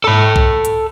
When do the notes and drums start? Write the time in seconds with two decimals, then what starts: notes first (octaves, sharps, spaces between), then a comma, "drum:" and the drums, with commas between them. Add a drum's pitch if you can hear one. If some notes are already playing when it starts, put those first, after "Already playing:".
0.04 A4 B5
0.36 drum: kick B1
0.65 drum: hi-hat